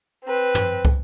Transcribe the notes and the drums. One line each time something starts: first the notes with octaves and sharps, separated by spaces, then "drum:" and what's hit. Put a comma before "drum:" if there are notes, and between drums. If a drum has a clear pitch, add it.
C4 B4
drum: tom
drum: kick